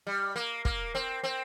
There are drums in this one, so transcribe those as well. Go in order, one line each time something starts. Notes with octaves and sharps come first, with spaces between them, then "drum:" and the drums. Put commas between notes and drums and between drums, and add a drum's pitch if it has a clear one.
G3
A#3
A#3, drum: kick
C4
C4